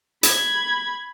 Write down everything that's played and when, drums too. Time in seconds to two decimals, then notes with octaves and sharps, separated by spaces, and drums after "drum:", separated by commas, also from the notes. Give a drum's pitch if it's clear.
0.23 B5 G#6, drum: hi-hat